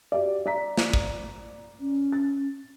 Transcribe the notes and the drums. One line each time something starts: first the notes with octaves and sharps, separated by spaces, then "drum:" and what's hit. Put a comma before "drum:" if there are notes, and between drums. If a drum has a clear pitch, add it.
F#4 G4 D5
D5 A#5 B6
drum: snare
drum: kick
C#4
A6